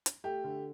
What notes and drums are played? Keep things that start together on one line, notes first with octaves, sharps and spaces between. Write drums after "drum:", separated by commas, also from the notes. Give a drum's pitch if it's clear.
drum: hi-hat
A3 G4
D3